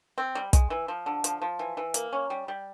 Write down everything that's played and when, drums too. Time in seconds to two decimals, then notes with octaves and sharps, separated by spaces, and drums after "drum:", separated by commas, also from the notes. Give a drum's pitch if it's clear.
0.18 C4
0.35 G3
0.53 G#3, drum: kick, hi-hat
0.70 E3
0.88 F3
1.06 D3
1.24 F3, drum: hi-hat
1.42 F3
1.59 E3
1.77 E3
1.94 A#3, drum: hi-hat
2.13 C#4
2.30 G3
2.48 G3